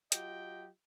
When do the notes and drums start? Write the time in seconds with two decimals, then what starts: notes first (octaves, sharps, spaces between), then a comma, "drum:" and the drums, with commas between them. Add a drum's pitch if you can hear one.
0.12 F#3 F4 G4 D#5 G5, drum: hi-hat